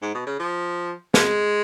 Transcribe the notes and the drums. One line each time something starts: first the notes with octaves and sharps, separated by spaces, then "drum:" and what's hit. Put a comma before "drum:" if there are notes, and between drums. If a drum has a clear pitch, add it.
G#2
B2
C#3
F3
G#3, drum: snare